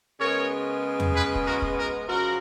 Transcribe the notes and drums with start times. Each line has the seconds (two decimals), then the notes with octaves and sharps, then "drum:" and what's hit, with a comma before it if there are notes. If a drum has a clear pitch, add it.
0.20 C#3 G#3 B3 A#4 C#5
1.00 drum: tom E2
1.14 G#4 B4
1.35 drum: kick
1.46 F#4 A#4
1.62 drum: kick
1.77 F#4 A#4
2.08 F#2 C#3 F3 F#4 A#4